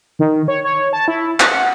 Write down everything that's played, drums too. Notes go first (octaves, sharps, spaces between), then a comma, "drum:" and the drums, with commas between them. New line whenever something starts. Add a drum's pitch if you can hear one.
D#3
C#5
C#5
A5
E4
F#5, drum: clap